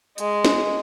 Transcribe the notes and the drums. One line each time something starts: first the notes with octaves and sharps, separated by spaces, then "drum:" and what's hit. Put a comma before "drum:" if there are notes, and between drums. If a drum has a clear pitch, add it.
G#3, drum: hi-hat
drum: snare